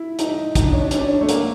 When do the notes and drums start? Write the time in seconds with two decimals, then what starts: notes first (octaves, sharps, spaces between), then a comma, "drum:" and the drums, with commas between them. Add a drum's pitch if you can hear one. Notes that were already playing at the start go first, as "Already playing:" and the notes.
Already playing: E4
0.19 D#4, drum: hi-hat
0.55 D#4, drum: kick, hi-hat
0.64 D4
0.73 C#4
0.82 D4
0.91 C#4, drum: hi-hat
1.00 D4
1.08 C#4
1.21 A3
1.29 A#3, drum: hi-hat